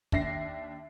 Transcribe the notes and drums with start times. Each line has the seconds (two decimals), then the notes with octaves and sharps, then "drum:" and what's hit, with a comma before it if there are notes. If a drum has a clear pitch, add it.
0.12 D#2 D4 E5 A#6 C7, drum: kick